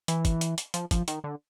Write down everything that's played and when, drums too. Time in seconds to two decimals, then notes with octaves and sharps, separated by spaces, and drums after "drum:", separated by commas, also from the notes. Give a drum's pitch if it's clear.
0.08 E3, drum: hi-hat
0.25 drum: kick, hi-hat
0.41 drum: hi-hat
0.58 drum: hi-hat
0.74 F3, drum: hi-hat
0.91 F3, drum: kick, hi-hat
1.08 D#3, drum: hi-hat
1.24 D3